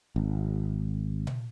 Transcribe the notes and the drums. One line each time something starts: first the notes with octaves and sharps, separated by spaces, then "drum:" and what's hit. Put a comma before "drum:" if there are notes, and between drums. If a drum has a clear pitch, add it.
G#1
drum: tom A#2